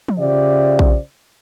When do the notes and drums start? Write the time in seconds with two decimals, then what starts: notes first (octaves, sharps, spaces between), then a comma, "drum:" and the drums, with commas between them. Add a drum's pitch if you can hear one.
0.08 drum: tom
0.19 C#3 F4 G4 C5 D5 E5
0.79 drum: kick A#1